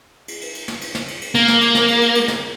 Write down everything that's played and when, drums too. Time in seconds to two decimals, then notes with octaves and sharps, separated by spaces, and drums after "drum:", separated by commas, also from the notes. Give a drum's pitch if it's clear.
0.28 drum: cymbal
0.41 drum: cymbal
0.55 drum: cymbal
0.68 drum: snare
0.81 drum: cymbal
0.95 drum: snare
1.08 drum: cymbal
1.21 drum: cymbal
1.35 A#3, drum: cymbal
1.48 drum: snare
1.61 drum: cymbal
1.75 drum: snare
1.88 drum: cymbal
2.01 drum: cymbal
2.15 drum: cymbal
2.28 drum: snare